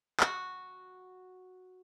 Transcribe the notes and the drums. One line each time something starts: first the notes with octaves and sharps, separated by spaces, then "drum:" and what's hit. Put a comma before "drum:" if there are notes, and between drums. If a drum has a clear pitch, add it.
F#4 F#5, drum: clap